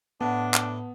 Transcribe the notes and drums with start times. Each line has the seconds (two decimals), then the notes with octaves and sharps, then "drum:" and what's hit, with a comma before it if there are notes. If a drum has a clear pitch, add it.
0.21 A2 B3 D4 F#5 A5
0.54 drum: clap